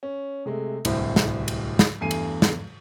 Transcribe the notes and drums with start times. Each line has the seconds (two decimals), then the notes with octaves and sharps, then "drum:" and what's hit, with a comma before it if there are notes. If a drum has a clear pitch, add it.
0.03 C#4
0.46 C3 G#3 A3
0.85 D1 C2 G3 E4 C5, drum: cymbal
1.16 drum: snare
1.48 drum: cymbal
1.79 drum: snare
2.01 E2 G2 A3 G#5 C7 D#7
2.11 drum: cymbal
2.42 drum: snare